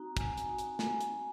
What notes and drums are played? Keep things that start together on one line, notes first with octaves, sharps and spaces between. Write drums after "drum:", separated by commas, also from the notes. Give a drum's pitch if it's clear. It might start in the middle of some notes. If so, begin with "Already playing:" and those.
Already playing: C4 D#4 F#4 A#5
C4 G#5, drum: kick, hi-hat
drum: hi-hat
D#4 F#4
drum: hi-hat
C4 G#5, drum: snare
drum: hi-hat
D#4 F#4